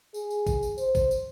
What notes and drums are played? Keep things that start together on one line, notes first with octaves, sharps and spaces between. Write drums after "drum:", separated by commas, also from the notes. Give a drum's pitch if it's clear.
G#4, drum: tambourine
drum: tambourine
drum: kick G#1, tambourine
drum: tambourine
C5, drum: tambourine
drum: kick G#1, tambourine
drum: tambourine